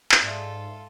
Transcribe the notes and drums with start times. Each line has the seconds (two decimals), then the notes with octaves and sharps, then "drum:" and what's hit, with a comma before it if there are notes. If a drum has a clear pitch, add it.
0.12 drum: clap
0.22 G#2 F4 A4 D5 E5